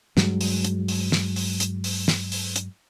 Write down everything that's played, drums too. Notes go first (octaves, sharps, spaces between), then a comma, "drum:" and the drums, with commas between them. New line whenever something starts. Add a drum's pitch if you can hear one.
G2 F#3 G#3, drum: snare
drum: open hi-hat
drum: hi-hat
drum: open hi-hat
drum: snare
drum: open hi-hat
drum: hi-hat
drum: open hi-hat
drum: snare
drum: open hi-hat
drum: hi-hat